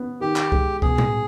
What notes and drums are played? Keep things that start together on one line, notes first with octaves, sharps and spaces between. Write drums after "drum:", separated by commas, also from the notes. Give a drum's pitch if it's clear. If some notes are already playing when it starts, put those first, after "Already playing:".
Already playing: B3
D#3 G4
drum: clap
G#3, drum: kick C2
B2 G#4, drum: kick C2
drum: tom A2